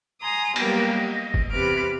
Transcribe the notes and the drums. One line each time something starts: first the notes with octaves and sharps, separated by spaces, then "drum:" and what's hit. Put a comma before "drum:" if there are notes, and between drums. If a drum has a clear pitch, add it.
G#5 A#5 C6 D#6
F#3 G3 A#3 B3 G4 A#4, drum: cymbal
D#5
drum: kick F#1
E2 C3 B4 B5 D6 F6